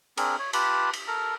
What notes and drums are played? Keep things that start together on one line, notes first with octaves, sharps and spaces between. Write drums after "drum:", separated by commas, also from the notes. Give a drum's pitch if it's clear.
C4 D4 G#4 A#4, drum: cymbal
C#5
F4 G4 B4 A5, drum: cymbal
drum: cymbal
A4 A#4 A#5